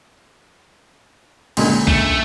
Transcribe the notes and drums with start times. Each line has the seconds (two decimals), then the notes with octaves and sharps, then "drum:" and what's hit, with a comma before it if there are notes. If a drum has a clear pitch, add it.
1.57 C#2 A#2 D3, drum: cymbal
1.88 A3, drum: kick B1